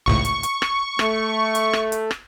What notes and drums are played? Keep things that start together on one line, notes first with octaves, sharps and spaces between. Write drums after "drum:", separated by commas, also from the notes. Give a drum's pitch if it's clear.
G#1 C#2 A2 C#6
drum: hi-hat
drum: hi-hat
drum: rim click
A3, drum: rim click
drum: hi-hat
drum: rim click
drum: hi-hat
drum: rim click